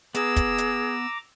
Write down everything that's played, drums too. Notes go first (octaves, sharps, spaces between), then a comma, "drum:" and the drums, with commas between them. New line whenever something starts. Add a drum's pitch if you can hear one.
B3 G#4 A#5 D6 E6, drum: hi-hat
drum: kick, hi-hat
drum: hi-hat